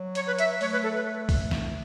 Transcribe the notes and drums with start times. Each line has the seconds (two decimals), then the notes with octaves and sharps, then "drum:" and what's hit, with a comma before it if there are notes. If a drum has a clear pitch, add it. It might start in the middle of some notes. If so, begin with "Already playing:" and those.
Already playing: F#3
0.15 C#5, drum: hi-hat
0.27 B4
0.39 E5, drum: hi-hat
0.61 A3 C#5, drum: open hi-hat
0.72 B4
0.83 A4
0.95 B4
1.29 drum: kick C2, open hi-hat
1.51 drum: snare